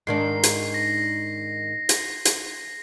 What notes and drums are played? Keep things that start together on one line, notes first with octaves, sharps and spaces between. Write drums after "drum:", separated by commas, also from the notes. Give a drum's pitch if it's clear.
G#2 D#3 D4 C7
drum: hi-hat
A#6
drum: hi-hat
drum: hi-hat